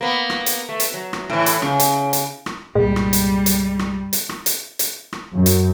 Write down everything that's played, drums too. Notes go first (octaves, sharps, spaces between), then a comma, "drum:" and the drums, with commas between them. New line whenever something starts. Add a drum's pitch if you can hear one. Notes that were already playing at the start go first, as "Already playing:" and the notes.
A#3 B3
drum: rim click
drum: hi-hat
A3
drum: hi-hat
F#3
drum: rim click
A2 E3
drum: hi-hat
C#3, drum: rim click
drum: hi-hat
drum: hi-hat
drum: rim click
C2 G2 A#2 G3 G#3
drum: rim click
drum: hi-hat
drum: hi-hat
drum: rim click
drum: hi-hat
drum: rim click
drum: hi-hat
drum: hi-hat
drum: rim click
F#2
drum: hi-hat